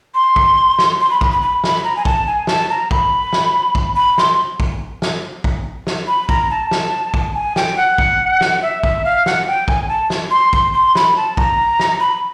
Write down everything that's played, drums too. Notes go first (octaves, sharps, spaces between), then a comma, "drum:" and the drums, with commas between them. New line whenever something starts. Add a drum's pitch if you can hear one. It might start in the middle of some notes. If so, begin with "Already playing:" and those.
C6
drum: kick
drum: snare
C6
B5
B5, drum: kick
B5
B5
B5, drum: snare
A#5
G#5
A5, drum: kick
G#5
A5, drum: snare
A#5
B5, drum: kick
drum: snare
drum: kick
B5
C6, drum: snare
drum: kick
drum: snare
drum: kick
drum: snare
B5
A#5, drum: kick
A5
drum: snare
drum: kick
G#5
G5, drum: snare
F#5
drum: kick
drum: snare
E5
E5, drum: kick
F5
F#5, drum: snare
G5
G#5, drum: kick
A5
drum: snare
C6
C6, drum: kick
C6
B5, drum: snare
A5
A#5, drum: kick
drum: snare
B5